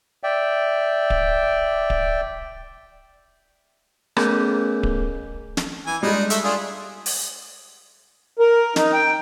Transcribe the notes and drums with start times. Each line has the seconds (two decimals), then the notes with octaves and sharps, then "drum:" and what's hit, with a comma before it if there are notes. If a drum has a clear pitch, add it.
0.23 D5 E5 G5
1.10 drum: kick D1
1.90 drum: kick D1
4.17 A3 B3 C#4 G#4 A#4 G6, drum: rim click
4.83 drum: kick D1
5.57 drum: snare
5.87 E3 G#5
6.03 G3 G#3 D4 D#4
6.30 A3 E5, drum: hi-hat
6.44 D4 F4 G#4
7.06 drum: open hi-hat
8.39 A#4
8.76 D#4, drum: snare
8.94 G5